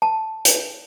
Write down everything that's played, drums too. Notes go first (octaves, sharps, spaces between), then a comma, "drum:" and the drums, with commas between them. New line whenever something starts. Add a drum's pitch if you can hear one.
A5
drum: hi-hat